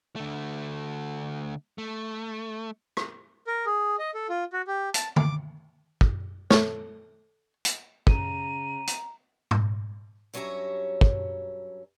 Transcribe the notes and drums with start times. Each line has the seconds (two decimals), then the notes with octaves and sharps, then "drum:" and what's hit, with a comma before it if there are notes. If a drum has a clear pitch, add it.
0.16 D3 A3
1.78 A3
2.97 drum: rim click
3.47 A#4
3.66 G#4
3.99 D#5
4.14 A4
4.29 F4
4.53 F#4
4.67 G4
4.94 A5, drum: hi-hat
5.16 D6, drum: tom D3
6.01 drum: kick
6.50 A4 C#5, drum: snare
7.65 drum: hi-hat
8.07 C#3 A#5 D#7, drum: kick
8.87 drum: hi-hat
9.51 drum: tom G#2
10.34 G2 F#3 C#4 C#5 E5 A#5
11.01 drum: kick